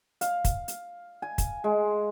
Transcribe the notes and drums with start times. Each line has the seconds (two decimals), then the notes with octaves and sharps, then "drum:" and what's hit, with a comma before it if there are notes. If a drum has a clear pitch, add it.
0.21 F5, drum: hi-hat
0.45 drum: kick, hi-hat
0.68 drum: hi-hat
1.22 G#5
1.38 drum: kick, hi-hat
1.64 G#3